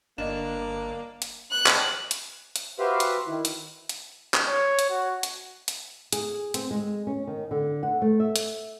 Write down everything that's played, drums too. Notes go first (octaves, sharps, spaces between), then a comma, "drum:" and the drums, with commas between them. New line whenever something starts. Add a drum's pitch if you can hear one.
G1 A#3 D4 D#5 E7
drum: hi-hat
F#6
drum: clap
drum: hi-hat
drum: hi-hat
F#4 G4 B4 C5 E5 F5
drum: hi-hat
D#3 E4
drum: hi-hat
drum: hi-hat
drum: clap
C#5
drum: hi-hat
F#4
drum: hi-hat
drum: hi-hat
G#4, drum: hi-hat
C4, drum: hi-hat
G#3
C#4
D#3
D3
F#5
A3
E5
drum: hi-hat